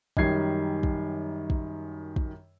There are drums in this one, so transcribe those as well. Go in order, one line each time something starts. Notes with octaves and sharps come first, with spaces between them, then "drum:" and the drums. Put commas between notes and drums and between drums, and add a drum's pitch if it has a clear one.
F#2 D#3 G3 G#6 C7, drum: kick
drum: kick
drum: kick
drum: kick